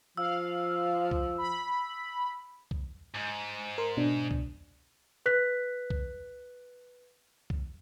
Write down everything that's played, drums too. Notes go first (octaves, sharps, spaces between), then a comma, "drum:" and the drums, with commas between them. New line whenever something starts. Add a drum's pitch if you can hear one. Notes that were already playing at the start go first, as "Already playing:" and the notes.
F3 F5 E6
drum: kick C2
B5
drum: kick C2
G#2
A#4 C6
B2 D4
drum: kick C2
B4 F#6 B6
drum: kick C2
drum: kick C2